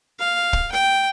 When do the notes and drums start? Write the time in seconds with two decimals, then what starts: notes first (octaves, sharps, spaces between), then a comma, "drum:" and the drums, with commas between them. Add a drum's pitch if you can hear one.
0.19 F5
0.53 drum: kick
0.72 G5